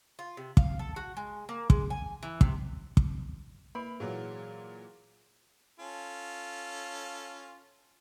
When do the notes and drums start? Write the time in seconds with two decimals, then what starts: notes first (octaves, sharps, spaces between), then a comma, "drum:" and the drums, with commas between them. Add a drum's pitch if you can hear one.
0.19 F4
0.37 C3
0.57 F5, drum: kick
0.79 A4
0.96 F#4
1.17 G#3
1.49 A#3
1.70 G#3, drum: kick
1.90 G#5
2.23 E3
2.41 C3, drum: kick
2.97 drum: kick
3.75 A#3 B4 B5 D7
4.00 A#2 E3 F#3 G#4
5.79 C#4 F4 A4